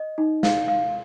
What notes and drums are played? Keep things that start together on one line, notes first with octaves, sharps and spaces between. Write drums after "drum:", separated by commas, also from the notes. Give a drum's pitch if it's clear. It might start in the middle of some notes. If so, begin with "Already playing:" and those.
Already playing: D#5
D#4
F5, drum: snare
F5